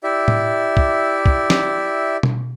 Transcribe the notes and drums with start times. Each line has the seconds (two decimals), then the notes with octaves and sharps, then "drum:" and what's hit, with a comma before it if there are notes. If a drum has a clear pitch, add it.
0.03 E4 G4 D5 E5
0.28 drum: tom A2
0.77 drum: kick
1.26 drum: kick
1.50 drum: snare
2.23 drum: tom B2